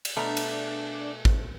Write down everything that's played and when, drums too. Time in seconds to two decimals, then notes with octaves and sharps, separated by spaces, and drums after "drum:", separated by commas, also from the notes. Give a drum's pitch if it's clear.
0.05 drum: cymbal
0.16 B2 A3 D4 A#5
0.37 drum: cymbal
1.25 drum: kick